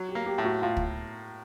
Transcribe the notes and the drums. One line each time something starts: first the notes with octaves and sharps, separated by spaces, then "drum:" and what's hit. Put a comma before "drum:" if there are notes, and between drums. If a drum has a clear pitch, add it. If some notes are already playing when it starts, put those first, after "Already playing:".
Already playing: F#3
G4
A#3
G4
A2
F#4
A2 F4
drum: kick